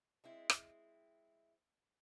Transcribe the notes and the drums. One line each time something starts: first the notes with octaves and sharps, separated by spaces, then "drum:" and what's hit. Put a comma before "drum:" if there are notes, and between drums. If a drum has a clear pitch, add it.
G#3 C4 E4
drum: rim click